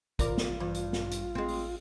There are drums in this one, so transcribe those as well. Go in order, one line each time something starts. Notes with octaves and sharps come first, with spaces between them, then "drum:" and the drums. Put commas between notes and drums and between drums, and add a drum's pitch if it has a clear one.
A1 D#3 F4 A#4 D5 D6, drum: kick, hi-hat
drum: snare
G2 E3
drum: hi-hat
drum: snare
drum: hi-hat
G#3 C4
drum: open hi-hat